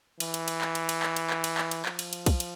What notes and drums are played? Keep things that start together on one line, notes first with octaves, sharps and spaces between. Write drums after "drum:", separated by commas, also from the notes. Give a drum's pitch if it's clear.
E3, drum: cymbal
drum: cymbal
drum: cymbal
drum: clap
drum: cymbal
drum: cymbal
drum: clap
drum: cymbal
drum: clap
drum: cymbal
drum: clap
drum: cymbal
F3, drum: clap
drum: cymbal
drum: cymbal
drum: kick, cymbal
drum: cymbal